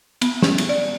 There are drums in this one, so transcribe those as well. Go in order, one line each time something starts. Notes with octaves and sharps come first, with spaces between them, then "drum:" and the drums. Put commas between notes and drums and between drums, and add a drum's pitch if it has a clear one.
B3, drum: cymbal
C#4, drum: snare
drum: cymbal
D5